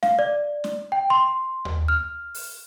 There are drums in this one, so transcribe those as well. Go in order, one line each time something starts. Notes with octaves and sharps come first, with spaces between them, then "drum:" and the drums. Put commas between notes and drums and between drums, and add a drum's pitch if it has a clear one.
F5, drum: snare
D5
drum: snare
G5
C6
drum: tom D#2
F6
drum: open hi-hat